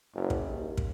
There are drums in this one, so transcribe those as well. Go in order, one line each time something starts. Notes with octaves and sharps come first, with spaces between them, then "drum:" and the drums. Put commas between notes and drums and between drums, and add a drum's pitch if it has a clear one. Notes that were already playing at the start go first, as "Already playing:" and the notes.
F#1
drum: kick
D#2
drum: kick